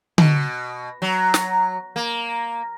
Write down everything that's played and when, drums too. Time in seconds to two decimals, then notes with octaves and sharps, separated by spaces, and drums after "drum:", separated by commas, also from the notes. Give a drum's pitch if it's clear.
0.18 B2, drum: tom D3
1.02 F#3
1.34 drum: snare
1.96 A#3